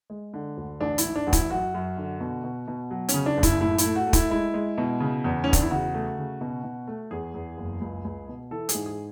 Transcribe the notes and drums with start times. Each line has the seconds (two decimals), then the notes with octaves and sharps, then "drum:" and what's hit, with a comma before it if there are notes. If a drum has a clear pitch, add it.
0.10 G#3
0.34 D3
0.57 D2
0.80 A1 D4
0.98 E4, drum: hi-hat
1.04 G#2
1.16 D4
1.27 A1 F#4
1.33 E4, drum: kick, hi-hat
1.50 F#2 F#4
1.74 F#2
1.97 D3
2.20 B2
2.44 B2
2.68 B2
2.91 F#3
3.09 C#4, drum: hi-hat
3.14 C#3
3.26 D4
3.37 F#1
3.43 E4, drum: kick, hi-hat
3.61 A2 E4
3.78 E4, drum: hi-hat
3.84 A3
3.96 F#4
4.07 A3
4.13 E4, drum: kick, hi-hat
4.30 G#3 E4
4.54 G#3
4.78 B2
5.00 C#3
5.24 E2
5.44 E2 C#4
5.53 D4, drum: kick, hi-hat
5.62 E4
5.71 C#3 F#4
5.94 A3
6.18 C#3
6.41 B2
6.64 B2
6.87 A3
7.11 E2 G#4
7.34 E2
7.58 F#1
7.81 C#2
8.04 C#2
8.28 B2
8.51 E3 A4
8.69 G#4, drum: hi-hat
8.75 G#2
8.86 G#4